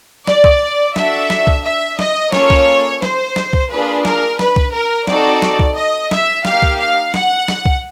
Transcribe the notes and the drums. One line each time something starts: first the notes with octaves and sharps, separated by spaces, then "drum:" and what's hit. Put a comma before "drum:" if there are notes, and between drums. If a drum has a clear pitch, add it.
D5, drum: snare
drum: kick C2
D4 F#4 A4 E5, drum: snare
drum: snare
drum: kick C2
E5
D#5, drum: snare
A#3 C#4 F4 A4 C#5, drum: snare
drum: kick C2
C5, drum: snare
drum: snare
drum: kick C2
A#3 D4 F4 G#4 B4
A#4, drum: snare
B4, drum: snare
drum: kick C2
A#4
C4 D#4 F#4 A4 D5, drum: snare
drum: snare
drum: kick C2
D#5
E5, drum: snare
A#3 D#4 G4 F5, drum: snare
drum: kick C2
F5
F#5, drum: snare
drum: snare
drum: kick C2